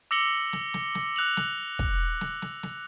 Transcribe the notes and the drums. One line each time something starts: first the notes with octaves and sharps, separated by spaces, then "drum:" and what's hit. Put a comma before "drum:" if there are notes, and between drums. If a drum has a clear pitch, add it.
D6 E6 A#6 C#7 F#7 G7
drum: snare
drum: snare
drum: snare
E6 F#6 F7 F#7
drum: snare
drum: kick
drum: snare
drum: snare
drum: snare